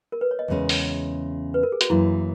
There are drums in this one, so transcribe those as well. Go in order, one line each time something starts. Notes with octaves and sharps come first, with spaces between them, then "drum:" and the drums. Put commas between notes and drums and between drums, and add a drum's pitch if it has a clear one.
A#4
B4
C#5
D#5
E2 C#3 G#3 C#4
drum: open hi-hat
B4
A#4
G#4
F#4, drum: hi-hat
F#2 E3 A#3 E4